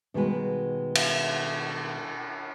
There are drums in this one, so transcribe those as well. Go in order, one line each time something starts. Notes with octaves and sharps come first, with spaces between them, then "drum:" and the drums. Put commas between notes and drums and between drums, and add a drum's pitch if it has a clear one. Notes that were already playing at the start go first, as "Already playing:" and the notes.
B2 D#3 G3 G#3 F#4 B4
drum: cymbal